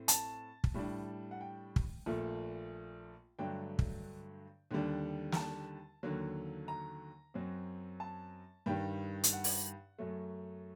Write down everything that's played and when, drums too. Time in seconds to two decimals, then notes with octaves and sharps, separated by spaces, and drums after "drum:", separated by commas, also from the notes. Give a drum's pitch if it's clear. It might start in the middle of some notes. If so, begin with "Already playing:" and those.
Already playing: A2 A3 C4
0.08 A5, drum: hi-hat
0.64 drum: kick
0.74 A2 G3 D4
1.31 F#5
1.41 G5
1.76 drum: kick
2.06 A#1 A#2 A3
3.39 G2 D3 F#3 A3 D4 G5
3.79 drum: kick
4.71 D#2 D3 G3 D4
5.32 A#5, drum: snare
5.36 A5
6.03 D#2 D3 F#3 A#3
6.68 A#5
7.34 F#2 F#3 C4
8.00 A5
8.66 G2 D#3 G3 G5
9.24 drum: hi-hat
9.33 F#5
9.44 drum: open hi-hat
9.99 F#2 F#3 A3